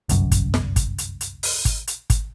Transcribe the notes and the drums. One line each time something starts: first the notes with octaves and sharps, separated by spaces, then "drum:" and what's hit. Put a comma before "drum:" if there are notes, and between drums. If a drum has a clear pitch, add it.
G1 C2 F#2, drum: hi-hat
drum: kick, hi-hat
drum: snare
drum: kick, hi-hat
drum: hi-hat
drum: hi-hat
drum: open hi-hat
drum: kick, hi-hat
drum: hi-hat
drum: kick, hi-hat